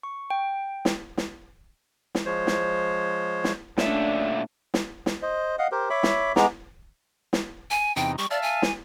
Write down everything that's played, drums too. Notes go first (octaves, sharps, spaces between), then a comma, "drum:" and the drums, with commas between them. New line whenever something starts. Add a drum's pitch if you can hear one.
C#6
G5
drum: snare
drum: snare
drum: snare
F3 G#3 C5 C#5
drum: snare
drum: snare
A#2 D3 A3 C#4 D4 E5, drum: snare
drum: snare
drum: snare
C5 D#5
D#5 F5 F#5
G4 A#4 C5
C#5 E5 B5 D6
drum: snare
G#3 B3 A#5 D6, drum: snare
drum: snare
G#5
E2 C3 D#4 G5
G3 C#6
D5 E5 F5 A5
G#5
drum: snare